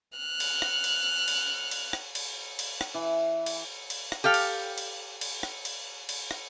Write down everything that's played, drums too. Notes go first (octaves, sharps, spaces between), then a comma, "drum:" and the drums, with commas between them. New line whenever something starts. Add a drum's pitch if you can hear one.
F6 F#6
drum: cymbal
drum: rim click
drum: cymbal
drum: cymbal
drum: cymbal
drum: rim click
drum: cymbal
drum: cymbal
drum: rim click
E3
drum: cymbal
drum: cymbal
drum: rim click
G4 A4 F5
drum: cymbal
drum: cymbal
drum: cymbal
drum: rim click
drum: cymbal
drum: cymbal
drum: rim click